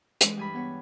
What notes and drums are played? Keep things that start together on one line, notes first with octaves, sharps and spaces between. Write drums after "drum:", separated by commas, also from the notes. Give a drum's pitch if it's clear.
E3 G#3, drum: hi-hat
G2 G#5 B5
B3 C#5